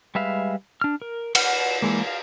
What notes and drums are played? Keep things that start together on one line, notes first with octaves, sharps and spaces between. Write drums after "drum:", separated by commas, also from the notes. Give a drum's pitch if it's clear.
G3 G#3 B4 E5 F5
D4 F6
A#4
B4 F#5 F6, drum: cymbal
E3 G#3 A#3
F5